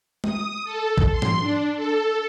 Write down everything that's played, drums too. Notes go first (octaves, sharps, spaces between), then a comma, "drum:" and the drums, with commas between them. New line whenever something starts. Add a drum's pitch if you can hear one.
D#6, drum: tom G#3
A4
drum: kick
C6
drum: tom
D4
A4